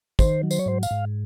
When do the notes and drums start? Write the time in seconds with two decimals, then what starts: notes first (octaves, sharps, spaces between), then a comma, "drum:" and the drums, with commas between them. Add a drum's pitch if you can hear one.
0.19 D#3 C5, drum: kick, tambourine
0.43 F#3
0.51 C5, drum: tambourine
0.59 C#5
0.66 G#2 C5
0.83 F5, drum: tambourine
0.91 G#2